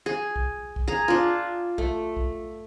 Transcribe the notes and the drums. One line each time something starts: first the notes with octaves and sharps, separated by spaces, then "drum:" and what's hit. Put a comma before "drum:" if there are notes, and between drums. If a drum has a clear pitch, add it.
G#4
drum: kick B1
drum: kick B1
G#4 A#5
D4 F4
A3, drum: kick B1
drum: kick B1